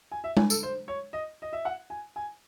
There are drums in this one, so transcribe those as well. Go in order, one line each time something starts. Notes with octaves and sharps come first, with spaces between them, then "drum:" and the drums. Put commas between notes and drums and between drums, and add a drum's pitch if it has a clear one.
G#5
E5
G#5, drum: tom G#3
A4, drum: tambourine
C5
C#5
D#5
D#5
E5
F#5
G#5
G#5